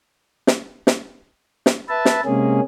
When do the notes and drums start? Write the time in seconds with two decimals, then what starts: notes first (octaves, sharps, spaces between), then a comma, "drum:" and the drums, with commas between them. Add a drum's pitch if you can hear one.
0.47 drum: snare
0.87 drum: snare
1.66 drum: snare
1.89 B4 E5 A5
2.05 drum: snare
2.25 C3 G#3 A#3 C#4 G#4